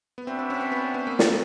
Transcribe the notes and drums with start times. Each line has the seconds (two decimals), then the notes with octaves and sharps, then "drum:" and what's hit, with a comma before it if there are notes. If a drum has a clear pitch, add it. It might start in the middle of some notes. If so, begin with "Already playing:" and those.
0.18 B3
0.27 C4 D4 F#4 B4 E5 G5
0.39 C4
0.50 C#4
0.61 C4
0.72 B3
0.94 B3
1.07 A#3
1.19 B3, drum: snare